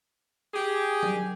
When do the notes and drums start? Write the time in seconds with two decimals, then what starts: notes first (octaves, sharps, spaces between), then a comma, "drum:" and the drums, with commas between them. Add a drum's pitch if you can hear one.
0.54 G4 G#4
1.03 drum: tom F#3